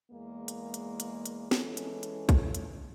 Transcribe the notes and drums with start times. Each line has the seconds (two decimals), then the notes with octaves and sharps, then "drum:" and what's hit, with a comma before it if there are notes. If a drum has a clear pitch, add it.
0.11 E2 G#3 A#3
0.48 drum: hi-hat
0.74 drum: hi-hat
1.00 drum: hi-hat
1.26 drum: hi-hat
1.51 E3 G#3 C#4 A4, drum: snare
1.77 drum: hi-hat
2.03 drum: hi-hat
2.29 drum: kick, hi-hat
2.55 drum: hi-hat